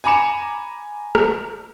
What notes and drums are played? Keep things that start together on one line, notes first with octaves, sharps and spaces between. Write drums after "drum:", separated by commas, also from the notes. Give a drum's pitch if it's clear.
G#5 A#5 B5 D6 C#7 E7
drum: rim click